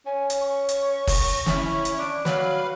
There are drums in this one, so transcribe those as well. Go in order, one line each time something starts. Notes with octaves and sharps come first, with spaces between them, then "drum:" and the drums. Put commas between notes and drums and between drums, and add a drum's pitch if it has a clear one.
C#4 G#5
drum: hi-hat
C#6
drum: hi-hat
drum: kick, open hi-hat
C#4 E4, drum: snare
drum: hi-hat
D4
F#3 B4 F5, drum: snare